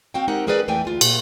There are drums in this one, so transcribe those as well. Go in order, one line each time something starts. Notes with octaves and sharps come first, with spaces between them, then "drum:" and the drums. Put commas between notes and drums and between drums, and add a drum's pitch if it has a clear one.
C4 F#4 F5 G5
G#3 C4 D#4 G4 A#4 F#5
G#3 C#4 G#4 A#4 B4 D5
E2 E3 A3 G5 G#5
D2 F4
A#2, drum: cymbal